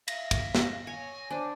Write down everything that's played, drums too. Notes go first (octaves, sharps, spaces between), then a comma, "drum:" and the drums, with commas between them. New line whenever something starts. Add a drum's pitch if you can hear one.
E5 F5 A#6, drum: cymbal
drum: kick, cymbal
drum: snare
C#5 G#5
D4 C5 G#5